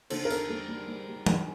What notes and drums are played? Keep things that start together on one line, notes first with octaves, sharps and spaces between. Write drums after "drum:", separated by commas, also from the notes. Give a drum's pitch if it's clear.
D3 A4 C5, drum: cymbal
A#4
E2 A4, drum: tambourine
G3 A4
G3
G3
G3
D3, drum: tom F#3